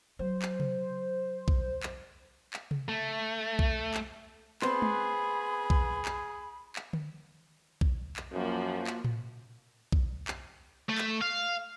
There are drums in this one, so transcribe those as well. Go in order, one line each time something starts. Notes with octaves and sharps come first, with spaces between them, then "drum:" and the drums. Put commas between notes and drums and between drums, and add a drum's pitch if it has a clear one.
F#3 C5
drum: clap
drum: tom C3
drum: kick B1
drum: clap
drum: clap
drum: tom C3
A3
drum: kick B1
drum: clap
B3 C4 G#4 B4 B5 C6, drum: clap
drum: tom G#3
drum: kick B1
drum: clap
drum: clap
drum: tom D3
drum: kick B1
drum: clap
F#2 F3 A#3 F#4
drum: clap
drum: tom A2
drum: kick B1
drum: clap
A3
drum: clap
F5